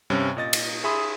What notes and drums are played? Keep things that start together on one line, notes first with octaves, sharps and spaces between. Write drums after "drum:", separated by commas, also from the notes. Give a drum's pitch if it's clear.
G2 C3 G3 C#4
A#2 D#5 A6
drum: cymbal
G#4 E5 B5 C6 D#6